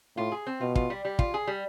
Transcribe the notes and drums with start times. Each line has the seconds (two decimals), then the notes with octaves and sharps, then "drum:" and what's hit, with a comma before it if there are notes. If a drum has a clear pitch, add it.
0.17 A2 F4
0.32 G#4
0.47 C4
0.61 B2 F4
0.75 F4, drum: kick
0.90 G3
1.05 G3
1.19 F4, drum: kick
1.34 G#4
1.47 G3